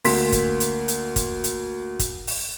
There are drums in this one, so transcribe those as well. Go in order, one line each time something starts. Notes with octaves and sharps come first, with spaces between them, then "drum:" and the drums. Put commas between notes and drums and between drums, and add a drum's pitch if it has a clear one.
D2 A#3 C6 B6, drum: open hi-hat
drum: kick, hi-hat
drum: hi-hat
drum: hi-hat
drum: kick, hi-hat
drum: hi-hat
drum: kick, hi-hat
drum: open hi-hat